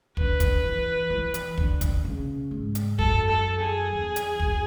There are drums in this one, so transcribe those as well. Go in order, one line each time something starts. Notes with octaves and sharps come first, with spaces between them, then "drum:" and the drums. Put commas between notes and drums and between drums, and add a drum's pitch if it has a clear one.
D3 B4, drum: kick
drum: kick, hi-hat
E3
E3
drum: hi-hat
D3, drum: kick
drum: kick, hi-hat
C#3
G#2
drum: hi-hat
F#2 A4, drum: kick
A4
G#4
E2
drum: hi-hat
F#2, drum: kick